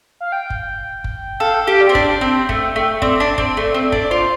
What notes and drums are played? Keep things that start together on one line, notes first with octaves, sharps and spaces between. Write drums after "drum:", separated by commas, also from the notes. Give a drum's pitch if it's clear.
F5
G5
drum: kick F#1
drum: kick F#1
A4 F5
G5
G4 F5
D5
C4
D4 G5, drum: kick F#1
C4
A3, drum: kick F#1
A3
C4 D5, drum: kick F#1
D4
C4, drum: kick F#1
A3
C4
D4, drum: kick F#1
D5
F4 C5